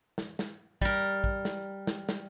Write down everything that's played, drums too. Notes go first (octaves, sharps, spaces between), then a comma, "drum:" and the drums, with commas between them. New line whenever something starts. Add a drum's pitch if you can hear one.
drum: snare
drum: snare
G3 A#4, drum: kick
drum: kick
drum: snare
drum: snare
drum: snare